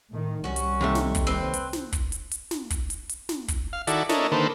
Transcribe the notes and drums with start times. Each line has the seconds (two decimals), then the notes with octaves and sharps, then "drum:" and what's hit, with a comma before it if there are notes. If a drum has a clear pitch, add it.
0.11 A2 D#3
0.44 C2 G3 C#4 F#4
0.56 drum: hi-hat
0.81 D#2 C3 A3
0.95 drum: snare
1.15 drum: kick, hi-hat
1.27 C4 B4
1.54 drum: hi-hat
1.73 drum: snare
1.93 drum: kick, hi-hat
2.12 drum: hi-hat
2.31 drum: hi-hat
2.51 drum: snare
2.70 drum: kick, hi-hat
2.90 drum: hi-hat
3.09 drum: hi-hat
3.29 drum: snare
3.48 drum: kick, hi-hat
3.73 F5
3.87 D#3 E4 F#4 A4 D5, drum: hi-hat
4.09 D4 E4 A4 A#4 C#5 D#5, drum: snare
4.32 D3 D#3 A#3 A4 B4 C5